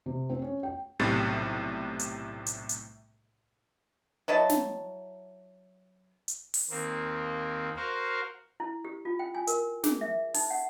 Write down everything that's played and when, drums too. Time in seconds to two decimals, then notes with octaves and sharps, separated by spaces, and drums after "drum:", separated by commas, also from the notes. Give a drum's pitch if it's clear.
0.06 C3
0.29 C4
0.42 C#4
0.63 G5
0.99 B1 A2 C3 G3 A6
1.99 drum: hi-hat
2.46 drum: hi-hat
2.69 drum: hi-hat
4.28 F#3 E4 D#5 A5
4.49 drum: snare
6.28 drum: hi-hat
6.54 drum: open hi-hat
6.70 D#2 A#3 C4
7.76 F#4 A#4 C5 F5
8.60 E4
8.85 G4
9.05 F4
9.19 G5
9.35 G#5
9.47 A#4, drum: hi-hat
9.84 G#4, drum: snare
10.01 E5
10.34 D#4, drum: open hi-hat
10.50 F#5